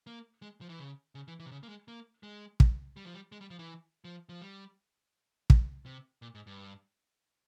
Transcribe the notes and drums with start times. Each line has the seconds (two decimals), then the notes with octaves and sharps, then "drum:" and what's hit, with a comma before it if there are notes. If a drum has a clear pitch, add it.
0.07 A#3
0.42 G#3
0.61 F3
0.69 E3
0.79 C#3
1.15 C#3
1.28 E3
1.40 E3
1.46 C3
1.51 C#3
1.63 A#3
1.69 G#3
1.88 A#3
2.23 G#3
2.60 drum: kick
2.97 G3
3.05 F3
3.14 G3
3.32 G#3
3.41 G3
3.50 F3
3.59 E3
4.05 F3
4.29 F3
4.41 G3
5.50 drum: kick
5.86 C3
6.22 A#2
6.35 G#2
6.47 G2